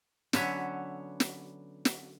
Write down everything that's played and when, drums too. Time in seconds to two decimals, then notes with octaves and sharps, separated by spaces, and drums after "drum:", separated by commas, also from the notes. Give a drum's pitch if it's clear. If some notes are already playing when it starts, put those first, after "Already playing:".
0.33 D3 F#3 B3 C#4 E5, drum: snare
1.20 drum: snare
1.85 drum: snare